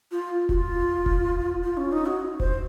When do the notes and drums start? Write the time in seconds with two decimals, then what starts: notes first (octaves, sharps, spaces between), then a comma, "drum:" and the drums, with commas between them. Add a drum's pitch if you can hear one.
0.12 F4
0.49 F#4, drum: kick E1
0.53 F4
1.06 drum: kick E1
1.63 F4
1.77 C#4
1.92 D#4
2.06 F#4
2.40 C5, drum: kick E1